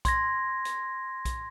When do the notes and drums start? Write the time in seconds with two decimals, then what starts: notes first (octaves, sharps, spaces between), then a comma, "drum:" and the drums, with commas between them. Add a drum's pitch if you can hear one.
0.05 C6 G#6 A#6, drum: kick B1, hi-hat
0.65 drum: hi-hat
1.25 drum: kick B1, hi-hat